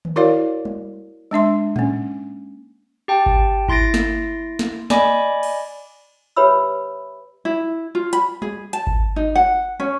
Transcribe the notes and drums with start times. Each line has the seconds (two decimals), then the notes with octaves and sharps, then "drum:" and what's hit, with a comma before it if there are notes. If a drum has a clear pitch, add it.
0.05 drum: tom D#3
0.16 E4 F#4 A#4 C#5 D5 F5
0.65 drum: tom G3
1.31 G#3 D4 E5 C6
1.76 A#3 C#4, drum: tom A2
3.08 G4 G5 A5
3.26 drum: kick G#1
3.68 E4 C6 A6 A#6 D7, drum: kick G#1
3.94 drum: snare
4.59 drum: snare
4.90 D5 D#5 G#5 B5 D6, drum: snare
5.43 drum: cymbal
6.36 G4 B4 C#5 E5 B5 E6
7.45 E4
7.95 F4
8.13 B5, drum: hi-hat
8.42 G#4, drum: tom G3
8.73 A5, drum: hi-hat
8.87 drum: kick G#1
9.16 D#4
9.35 F#5
9.80 C#4